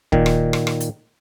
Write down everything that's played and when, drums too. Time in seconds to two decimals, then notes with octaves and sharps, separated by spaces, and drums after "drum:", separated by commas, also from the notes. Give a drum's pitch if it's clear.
0.12 A#2 D#3, drum: kick
0.26 drum: rim click
0.53 drum: rim click
0.67 drum: rim click
0.80 drum: hi-hat